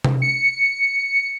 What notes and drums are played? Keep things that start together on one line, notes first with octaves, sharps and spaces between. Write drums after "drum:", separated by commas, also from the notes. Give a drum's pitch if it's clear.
drum: tom C3
C#7